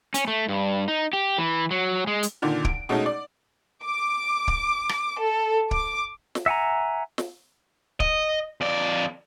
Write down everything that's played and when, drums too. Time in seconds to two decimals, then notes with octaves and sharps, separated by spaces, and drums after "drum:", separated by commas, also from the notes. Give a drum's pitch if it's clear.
0.14 C#4, drum: hi-hat
0.28 A3
0.49 G2
0.88 D#4
1.13 G4
1.38 E3
1.71 F#3
2.07 G#3
2.23 drum: hi-hat
2.42 A#2 D3 D#3
2.65 D7, drum: kick
2.89 B2 G#3 A3 C#4 D#4
3.06 D5
3.84 D6
4.48 drum: kick
4.89 drum: rim click
5.23 A4
5.71 D6, drum: kick
6.35 drum: snare
6.46 E5 F#5 G#5 A#5
7.18 drum: snare
8.00 D#5, drum: kick
8.61 F2 D5